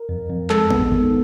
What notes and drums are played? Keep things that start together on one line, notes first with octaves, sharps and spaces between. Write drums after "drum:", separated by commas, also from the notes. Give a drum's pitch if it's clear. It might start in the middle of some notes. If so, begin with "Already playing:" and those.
Already playing: A#4
F2
F2
G#3 A4, drum: clap
B3, drum: kick
D#3